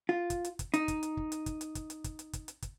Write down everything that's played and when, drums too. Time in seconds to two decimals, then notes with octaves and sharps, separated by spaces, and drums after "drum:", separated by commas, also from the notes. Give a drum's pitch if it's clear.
0.09 F4
0.30 drum: kick, hi-hat
0.45 drum: hi-hat
0.59 drum: kick, hi-hat
0.74 D#4, drum: hi-hat
0.88 drum: kick, hi-hat
1.03 drum: hi-hat
1.17 drum: kick
1.32 drum: hi-hat
1.46 drum: kick, hi-hat
1.61 drum: hi-hat
1.75 drum: kick, hi-hat
1.90 drum: hi-hat
2.04 drum: kick, hi-hat
2.19 drum: hi-hat
2.33 drum: kick, hi-hat
2.48 drum: hi-hat
2.62 drum: kick, hi-hat